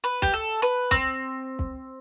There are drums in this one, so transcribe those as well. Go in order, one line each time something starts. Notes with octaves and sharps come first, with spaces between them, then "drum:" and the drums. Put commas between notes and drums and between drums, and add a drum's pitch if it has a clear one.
B4
G4, drum: kick
A4
B4, drum: hi-hat
C4, drum: kick
drum: kick